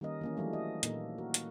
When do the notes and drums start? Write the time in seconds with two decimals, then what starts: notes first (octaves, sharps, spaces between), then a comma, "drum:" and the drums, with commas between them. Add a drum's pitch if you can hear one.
0.01 D#3 G3 A#3 C#4 A#4 D#5
0.21 E3 A#3 C#4
0.37 E3 F#3 G3 A3 D4
0.53 D#5
0.83 A#2 A#3 D#4 A4, drum: hi-hat
1.18 F#4 A#4
1.34 drum: hi-hat